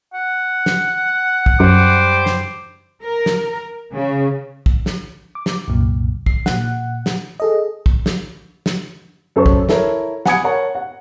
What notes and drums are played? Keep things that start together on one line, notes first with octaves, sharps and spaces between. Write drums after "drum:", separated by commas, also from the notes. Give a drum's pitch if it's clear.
F#5
drum: snare
drum: kick
F#2 G3 C5 D6
drum: snare
A#4
drum: snare
C#3
drum: kick
drum: snare
D6
drum: snare
C2 F#2 A#2
C7, drum: kick
A#2 F#5, drum: snare
drum: snare
G#4 A4 D#5
drum: kick
drum: snare
drum: snare
F#2 A4 C5 C#6
drum: kick
E4 A4 A#4 C#5, drum: snare
F#5 G#5 B5 D#6 G#6 C#7, drum: snare
A#4 C#5 F#5 A5
F#5